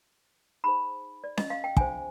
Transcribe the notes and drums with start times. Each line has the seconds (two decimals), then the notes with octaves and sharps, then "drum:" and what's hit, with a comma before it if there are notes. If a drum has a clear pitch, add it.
0.64 D#4 G#4 C5 B5
1.24 D5
1.37 D#5, drum: snare C#4
1.50 F5
1.64 G5
1.77 D4 F4 G#4 C5 G#5, drum: kick